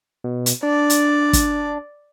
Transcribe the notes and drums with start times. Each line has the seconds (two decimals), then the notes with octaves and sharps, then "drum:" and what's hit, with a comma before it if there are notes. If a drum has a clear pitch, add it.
0.24 B2
0.46 drum: hi-hat
0.63 D4 D5
0.90 drum: hi-hat
1.33 drum: kick, hi-hat